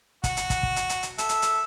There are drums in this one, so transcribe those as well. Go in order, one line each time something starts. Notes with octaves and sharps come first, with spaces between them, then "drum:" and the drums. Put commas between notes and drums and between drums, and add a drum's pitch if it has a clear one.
F#4, drum: kick, hi-hat
drum: hi-hat
drum: kick, hi-hat
drum: kick
drum: hi-hat
drum: hi-hat
drum: hi-hat
A4 E5, drum: hi-hat
drum: hi-hat
drum: hi-hat